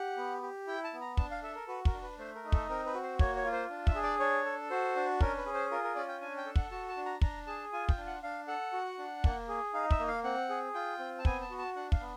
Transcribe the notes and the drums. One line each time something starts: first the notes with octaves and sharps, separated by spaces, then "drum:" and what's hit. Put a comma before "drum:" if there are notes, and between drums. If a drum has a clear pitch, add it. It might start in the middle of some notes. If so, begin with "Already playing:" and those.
Already playing: G4 F#5
B3
G4
E4 G5
A5
B3
A#5
D4 A5, drum: kick
F5
A4 E5
A#4
F#4 B4
A#4, drum: kick
D4
B4
A3 C5
A#4
D#4
A4, drum: kick
C4 A#4
B4
F#4
C5
A#3 C#5, drum: kick
C#5
F4
C5
D4
E5, drum: kick
G#4
D5
D4 C#5
A4
F#4 C5
D4
C#4 A#4, drum: kick
B4
G#4
C5
F4 A#4
A#4
C#4 D5
G5
D4 G#5
G5
A4
F#5, drum: kick
F#4 A5
A5
D4
A#5
D4 A#5, drum: kick
G#4 A5
F4 G#5
G5, drum: kick
D4
F#5
D4 F5
A4 F#5
F#4
D4
A#3, drum: kick
G#4
D#4 F5
E5, drum: kick
A#3
F5
C4 F#5
G#4
F4 G5
C4
A5
B3 G#5, drum: kick
A5
F#4
A5
D4 F#5
F5, drum: kick
B3